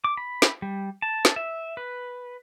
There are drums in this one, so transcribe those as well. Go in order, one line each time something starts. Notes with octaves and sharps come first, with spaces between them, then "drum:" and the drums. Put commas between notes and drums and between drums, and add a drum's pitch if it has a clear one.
D6
B5
drum: snare
G3
A5
drum: snare
E5
B4